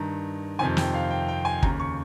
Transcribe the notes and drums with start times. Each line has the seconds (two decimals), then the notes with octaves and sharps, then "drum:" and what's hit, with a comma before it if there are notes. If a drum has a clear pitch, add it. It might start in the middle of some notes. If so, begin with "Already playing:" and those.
Already playing: G2 D#3 A#5
0.59 F2 C3 D#3 G#5
0.77 G5, drum: snare
0.94 F5
1.10 G5
1.28 G5
1.45 G#5
1.63 D#2 C#3 A#5, drum: kick
1.80 C#6